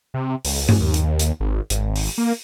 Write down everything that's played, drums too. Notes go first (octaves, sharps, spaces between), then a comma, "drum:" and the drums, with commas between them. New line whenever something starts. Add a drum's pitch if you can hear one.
C3
C#2, drum: open hi-hat
drum: tom G2
D#2
drum: hi-hat
drum: hi-hat
G#1
G#1, drum: hi-hat
drum: open hi-hat
A#3